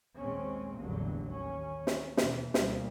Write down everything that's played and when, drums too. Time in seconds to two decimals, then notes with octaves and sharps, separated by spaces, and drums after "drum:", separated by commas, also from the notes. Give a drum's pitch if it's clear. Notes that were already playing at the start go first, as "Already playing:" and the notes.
0.18 A#1 D#2 G#3 C4 C#4
0.78 A1 E2 G2 D3 F#3 A#3
1.25 D#2 C#4
1.87 drum: snare
2.17 D#2 B2 E3, drum: snare
2.54 D2 B2 F3 G3 A#3, drum: snare